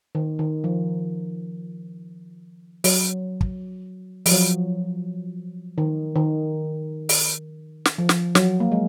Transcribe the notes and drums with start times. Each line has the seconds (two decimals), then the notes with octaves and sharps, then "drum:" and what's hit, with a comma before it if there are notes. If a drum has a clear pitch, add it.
0.15 D#3
0.39 D#3
0.64 F3
2.84 F#3, drum: open hi-hat
3.41 drum: kick
4.26 F3, drum: open hi-hat
4.31 F#3
5.78 D#3
6.16 D#3
7.09 drum: open hi-hat
7.85 drum: snare
7.98 F3
8.09 drum: snare
8.35 F#3, drum: snare
8.60 A#3
8.72 G#3